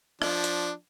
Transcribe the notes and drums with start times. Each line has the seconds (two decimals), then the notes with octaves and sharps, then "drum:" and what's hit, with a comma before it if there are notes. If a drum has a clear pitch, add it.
0.22 F3 D4, drum: rim click
0.44 drum: hi-hat